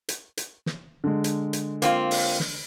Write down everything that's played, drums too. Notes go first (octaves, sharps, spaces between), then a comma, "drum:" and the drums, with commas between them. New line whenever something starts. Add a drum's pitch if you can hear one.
drum: hi-hat
drum: hi-hat
drum: snare
D3 G#3
drum: hi-hat
drum: hi-hat
A#3 C4 F4, drum: hi-hat
drum: open hi-hat
drum: snare